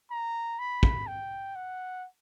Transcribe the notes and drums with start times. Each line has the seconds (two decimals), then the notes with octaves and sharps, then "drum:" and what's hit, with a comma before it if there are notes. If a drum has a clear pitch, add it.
0.11 A#5
0.59 B5
0.83 drum: kick
1.07 G5
1.56 F#5